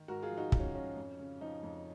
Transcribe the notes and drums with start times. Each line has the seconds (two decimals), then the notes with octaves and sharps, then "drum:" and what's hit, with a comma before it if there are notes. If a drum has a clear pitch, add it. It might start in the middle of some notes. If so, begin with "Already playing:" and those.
Already playing: D#3
0.08 G#2 F#4 A#4
0.22 F4 G#4
0.30 F3
0.37 D#4 F#4
0.52 G#2 D#4, drum: kick
0.60 C#4
0.75 F3 C#4
0.96 F2
1.19 C#3
1.41 F3 D#4
1.63 F2